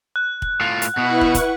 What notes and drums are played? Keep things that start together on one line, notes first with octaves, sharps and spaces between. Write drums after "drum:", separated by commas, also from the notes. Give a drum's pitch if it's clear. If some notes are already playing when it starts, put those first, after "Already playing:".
F#6
drum: kick
A2 F4
drum: hi-hat
B2 B3 E4 B4 F#5 C#6
drum: kick
drum: kick, hi-hat